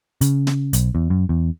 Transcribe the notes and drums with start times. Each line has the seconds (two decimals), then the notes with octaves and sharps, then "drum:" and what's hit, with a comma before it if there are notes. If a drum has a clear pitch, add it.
0.21 C#3, drum: hi-hat
0.47 drum: snare
0.73 B1, drum: hi-hat
0.95 E2
1.10 F#2
1.29 E2